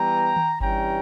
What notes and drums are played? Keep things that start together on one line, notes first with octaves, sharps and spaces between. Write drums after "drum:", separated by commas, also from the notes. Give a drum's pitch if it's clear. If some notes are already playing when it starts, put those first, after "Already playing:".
Already playing: E3 G3 B3 G5 A#5
drum: tom D#3
G2 E3 G3 C#4 G5 A#5, drum: kick G1